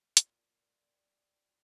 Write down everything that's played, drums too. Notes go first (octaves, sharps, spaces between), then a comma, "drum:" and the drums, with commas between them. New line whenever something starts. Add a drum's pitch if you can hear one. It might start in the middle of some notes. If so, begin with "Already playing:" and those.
A#2 F4, drum: hi-hat
G3